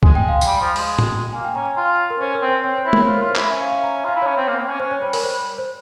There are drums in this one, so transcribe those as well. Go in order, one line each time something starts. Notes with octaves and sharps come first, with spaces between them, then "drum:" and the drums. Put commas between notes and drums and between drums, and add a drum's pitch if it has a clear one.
G#3 G#5, drum: kick
G5
F5
G5, drum: tambourine
G3
F3
G#3, drum: open hi-hat
drum: tom A2
A#3 G#5
G5
C#4 A#5
G#5
F4 G5
A#4
C#4 C5
A#4
C4
C5
C4 C#5
C5
E4
A#4, drum: tom
C#5
F4 C5
F4 A#4
C5
E4 E5, drum: clap
C#4 E5
F5
F5
A#5
F4 F5
E4
C#4 C#5
C4
A#3
C4
C#4
C#4 C5
C#5
G3 C5
A#4, drum: open hi-hat
G3 C5
C5